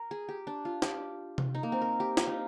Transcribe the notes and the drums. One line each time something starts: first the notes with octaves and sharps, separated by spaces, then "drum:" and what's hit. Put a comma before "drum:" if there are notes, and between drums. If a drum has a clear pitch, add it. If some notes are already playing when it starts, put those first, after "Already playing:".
Already playing: A#4
G#4
G4
D4
F4
G4, drum: snare
drum: tom C3
D#4
A#3
C4
A#4
G4
F4, drum: snare
D#4